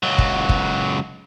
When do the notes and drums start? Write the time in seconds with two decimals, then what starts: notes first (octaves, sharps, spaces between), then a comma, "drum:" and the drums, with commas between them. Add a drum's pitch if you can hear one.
0.03 C#2 F#3
0.18 drum: kick
0.49 drum: kick